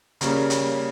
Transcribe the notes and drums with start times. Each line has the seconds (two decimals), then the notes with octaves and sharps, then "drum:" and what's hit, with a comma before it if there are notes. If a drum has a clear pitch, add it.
0.21 C#3 G3 A#3 C#4, drum: hi-hat
0.50 drum: hi-hat